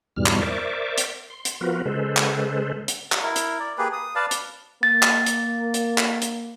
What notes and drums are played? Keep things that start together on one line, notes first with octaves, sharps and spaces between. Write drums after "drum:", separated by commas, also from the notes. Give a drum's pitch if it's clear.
E2 G#2 B2 G3 F6
drum: clap
A#4 C5 D5 E5 C#6 D6
drum: hi-hat
C6
drum: hi-hat
F3 B3 F4 F#4 A#4 B4
C#3 G#3 A4 B4 C5
drum: clap
drum: hi-hat
drum: clap
E4 A#4
drum: hi-hat
D5
A#3 G4 G#4 B4
D#6
B4 D5 F5 A5
drum: hi-hat
A#3 A6
drum: clap
drum: hi-hat
drum: hi-hat
drum: clap
drum: hi-hat